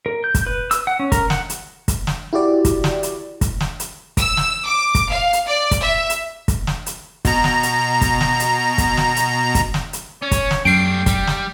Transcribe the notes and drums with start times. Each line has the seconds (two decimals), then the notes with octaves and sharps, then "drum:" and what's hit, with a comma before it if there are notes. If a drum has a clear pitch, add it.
0.06 A#4
0.24 G6
0.35 drum: kick, hi-hat
0.47 B4
0.71 E6, drum: hi-hat
0.87 F#5
1.00 C#4
1.12 A#4, drum: kick, hi-hat
1.30 F#5, drum: snare
1.50 drum: hi-hat
1.88 drum: kick, hi-hat
2.07 drum: snare
2.33 E4 F#4 G4 D5
2.65 drum: kick, hi-hat
2.84 drum: snare
3.03 drum: hi-hat
3.41 drum: kick, hi-hat
3.60 drum: snare
3.80 drum: hi-hat
4.17 E6, drum: kick, hi-hat
4.37 drum: snare
4.65 D6
4.95 drum: kick, hi-hat
5.09 F5
5.33 drum: hi-hat
5.47 D5
5.71 drum: kick, hi-hat
5.82 E5
6.10 drum: hi-hat
6.48 drum: kick, hi-hat
6.67 drum: snare
6.86 drum: hi-hat
7.25 B2 A#5, drum: kick, hi-hat
7.44 drum: snare
7.63 drum: hi-hat
8.01 drum: kick, hi-hat
8.21 drum: snare
8.40 drum: hi-hat
8.78 drum: kick, hi-hat
8.97 drum: snare
9.16 drum: hi-hat
9.55 drum: kick, hi-hat
9.74 drum: snare
9.93 drum: hi-hat
10.22 C#4 C#5
10.31 drum: kick, hi-hat
10.51 drum: snare
10.65 F#2 G3 A3 G5 C7 D7
11.06 G3, drum: kick, hi-hat
11.27 drum: snare